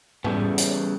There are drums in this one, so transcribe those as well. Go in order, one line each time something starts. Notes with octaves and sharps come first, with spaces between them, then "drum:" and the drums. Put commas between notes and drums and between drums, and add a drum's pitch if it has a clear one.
C#3 E3 G3 A3 B3, drum: tom A2
drum: hi-hat